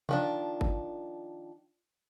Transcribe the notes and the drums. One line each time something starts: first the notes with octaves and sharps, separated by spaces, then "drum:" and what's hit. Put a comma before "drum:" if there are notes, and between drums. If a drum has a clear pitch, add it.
D#3 F3 D4, drum: tom C3
drum: kick G1